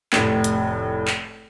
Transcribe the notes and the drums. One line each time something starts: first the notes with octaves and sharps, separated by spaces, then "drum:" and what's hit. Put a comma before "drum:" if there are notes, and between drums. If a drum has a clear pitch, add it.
F1 A2, drum: clap
drum: hi-hat
drum: clap